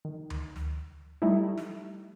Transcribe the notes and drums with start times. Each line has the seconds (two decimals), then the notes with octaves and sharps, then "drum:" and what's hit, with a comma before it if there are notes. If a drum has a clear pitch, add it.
0.05 D#3
0.30 drum: tom D2
0.56 drum: snare
1.22 G3 A3 D#4 E4
1.57 drum: snare